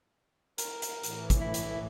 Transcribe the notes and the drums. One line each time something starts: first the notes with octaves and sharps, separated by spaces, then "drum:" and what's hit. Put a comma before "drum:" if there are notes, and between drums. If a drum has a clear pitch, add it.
A#4, drum: hi-hat
drum: hi-hat
A2 E3, drum: hi-hat
drum: kick, hi-hat
E4
drum: hi-hat